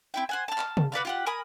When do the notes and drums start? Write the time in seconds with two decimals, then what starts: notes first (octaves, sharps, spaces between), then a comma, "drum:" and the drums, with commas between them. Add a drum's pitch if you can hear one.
0.14 C4 E4 G5
0.29 C5 F#5 G#5
0.48 A5 F6
0.58 drum: clap
0.77 drum: tom C3
0.92 F#4 B4 D5 F5
1.05 F4 G4 F#5
1.26 A#4 G#5 B5 D#6